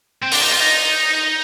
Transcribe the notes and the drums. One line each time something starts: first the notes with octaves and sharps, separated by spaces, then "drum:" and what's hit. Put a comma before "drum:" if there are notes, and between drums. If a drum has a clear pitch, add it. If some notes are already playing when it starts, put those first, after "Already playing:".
C4
D4, drum: open hi-hat
D#4
F4
D#4